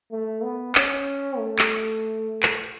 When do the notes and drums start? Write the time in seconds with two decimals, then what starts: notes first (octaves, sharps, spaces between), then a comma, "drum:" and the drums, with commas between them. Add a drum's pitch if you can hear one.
0.11 A3
0.43 B3
0.75 C#4, drum: clap
1.38 A3
1.59 drum: clap
2.43 drum: clap